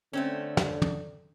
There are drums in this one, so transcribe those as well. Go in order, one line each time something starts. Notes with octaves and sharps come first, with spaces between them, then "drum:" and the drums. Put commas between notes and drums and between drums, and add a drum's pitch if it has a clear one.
D3 A3 C4 C#4
drum: snare
drum: tom